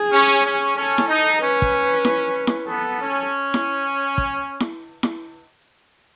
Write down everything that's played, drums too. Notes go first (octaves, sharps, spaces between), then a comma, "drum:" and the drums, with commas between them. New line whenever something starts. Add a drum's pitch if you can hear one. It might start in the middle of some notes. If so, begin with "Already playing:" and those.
Already playing: G#4
C#4
C#4
C#4 A4
drum: snare E4
D#4
C#4 B4
drum: kick
drum: snare E4
drum: snare E4
B3 A4
C#4
drum: snare E4
drum: kick
drum: snare E4
drum: snare E4